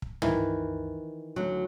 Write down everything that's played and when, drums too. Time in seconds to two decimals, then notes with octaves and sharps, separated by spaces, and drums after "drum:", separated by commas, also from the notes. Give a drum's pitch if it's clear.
0.02 drum: kick
0.22 D#3 E3, drum: tom
1.36 D2 F#3